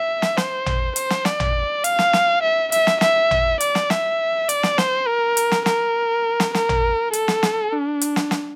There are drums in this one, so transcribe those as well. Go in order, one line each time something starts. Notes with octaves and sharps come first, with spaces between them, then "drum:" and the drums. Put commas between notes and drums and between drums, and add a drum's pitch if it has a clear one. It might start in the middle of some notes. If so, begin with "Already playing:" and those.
Already playing: E5
drum: snare
C5, drum: snare
drum: tom A1
C5, drum: hi-hat
drum: snare
D5, drum: snare
drum: tom A1
F5, drum: hi-hat
drum: snare
drum: snare
E5
E5, drum: hi-hat
drum: snare
E5, drum: snare
drum: tom A1
D5, drum: hi-hat
drum: snare
E5, drum: snare
D5, drum: hi-hat
drum: snare
C5, drum: snare
A#4
drum: hi-hat
drum: snare
A#4, drum: snare
drum: snare
A#4, drum: snare
drum: tom A1
A4, drum: hi-hat
drum: snare
drum: snare
D4
drum: hi-hat
drum: snare
drum: snare